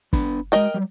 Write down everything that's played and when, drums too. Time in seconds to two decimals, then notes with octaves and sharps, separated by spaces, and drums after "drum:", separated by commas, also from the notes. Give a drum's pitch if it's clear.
0.13 B3 D4 B5, drum: kick
0.52 G#3 F#4 A#4 D#5 G5
0.74 F#3 G3